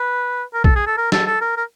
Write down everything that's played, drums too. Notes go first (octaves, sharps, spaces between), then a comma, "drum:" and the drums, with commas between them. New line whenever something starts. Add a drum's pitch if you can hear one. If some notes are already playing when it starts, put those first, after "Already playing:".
Already playing: B4
A#4
A4, drum: kick A#1
G#4
A4
A#4
A4, drum: snare
A4
A#4
A#4